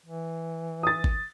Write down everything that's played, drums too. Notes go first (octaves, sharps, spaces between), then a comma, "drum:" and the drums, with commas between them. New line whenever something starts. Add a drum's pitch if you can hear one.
E3
D#6 A6
drum: kick